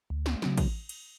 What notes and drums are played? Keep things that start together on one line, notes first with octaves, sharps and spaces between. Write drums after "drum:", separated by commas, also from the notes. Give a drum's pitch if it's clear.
D2
drum: snare
C#3 F#3, drum: snare
drum: kick, cymbal
drum: cymbal